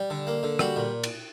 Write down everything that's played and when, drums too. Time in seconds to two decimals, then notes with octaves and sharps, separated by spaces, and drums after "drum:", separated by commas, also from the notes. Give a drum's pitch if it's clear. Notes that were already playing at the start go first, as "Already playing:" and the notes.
Already playing: G3
0.10 D3
0.27 A#3
0.43 D3
0.59 G3 F#4, drum: rim click
0.76 A#2
1.03 drum: cymbal